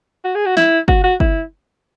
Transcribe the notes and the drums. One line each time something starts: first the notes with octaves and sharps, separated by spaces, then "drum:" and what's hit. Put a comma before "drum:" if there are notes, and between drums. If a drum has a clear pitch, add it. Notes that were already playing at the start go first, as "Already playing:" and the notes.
F#4
G#4
F#4
E4, drum: snare
F#4, drum: kick
F#4
E4, drum: kick